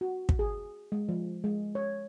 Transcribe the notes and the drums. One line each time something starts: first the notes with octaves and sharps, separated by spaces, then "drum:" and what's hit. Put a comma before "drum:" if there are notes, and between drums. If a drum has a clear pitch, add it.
F#4
drum: kick
G#4
G#3
F3
G#3
C#5